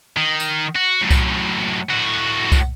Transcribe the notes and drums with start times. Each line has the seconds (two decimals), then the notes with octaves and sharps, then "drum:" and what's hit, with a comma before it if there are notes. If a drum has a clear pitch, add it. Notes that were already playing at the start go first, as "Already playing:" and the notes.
0.17 D#3
0.40 drum: tambourine
0.75 F#4
1.01 F#2 A2
1.11 drum: kick C2, tambourine
1.90 A2 F#4
2.52 drum: kick C2, tambourine